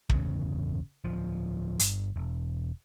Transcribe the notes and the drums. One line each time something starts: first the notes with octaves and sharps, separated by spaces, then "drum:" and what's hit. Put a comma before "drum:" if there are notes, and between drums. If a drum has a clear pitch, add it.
D1 G1 E2 C#3, drum: kick
D1 C#2 F3
G1, drum: hi-hat
E1